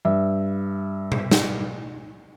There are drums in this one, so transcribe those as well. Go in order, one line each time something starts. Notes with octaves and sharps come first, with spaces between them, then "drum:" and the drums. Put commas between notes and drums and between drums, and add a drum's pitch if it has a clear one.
G2 E5
drum: tom B2
drum: snare